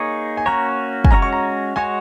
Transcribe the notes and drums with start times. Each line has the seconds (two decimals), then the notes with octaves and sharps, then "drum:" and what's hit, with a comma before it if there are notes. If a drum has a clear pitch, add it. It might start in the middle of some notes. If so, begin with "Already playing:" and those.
Already playing: A#3 D#4 G#4 C#5
0.37 G#5
0.46 A#3 C#4 F#4 C#5 A#5
1.05 G#5, drum: kick
1.11 G#3 C#4 F#4 C#5 A#5
1.22 C#6
1.33 A#5
1.76 G#3 F#4 C#5 G#5